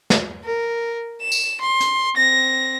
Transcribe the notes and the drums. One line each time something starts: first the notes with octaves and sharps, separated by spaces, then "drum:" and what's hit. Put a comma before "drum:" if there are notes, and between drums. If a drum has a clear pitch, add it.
drum: snare
A#4
E7
drum: tambourine
C6
drum: hi-hat
C4 A#6